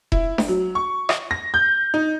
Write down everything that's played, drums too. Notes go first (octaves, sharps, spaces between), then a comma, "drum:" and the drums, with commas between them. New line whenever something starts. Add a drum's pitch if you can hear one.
E4, drum: kick E1
drum: snare D4
F#3
C#6
drum: rim click
A#6
G6
D#4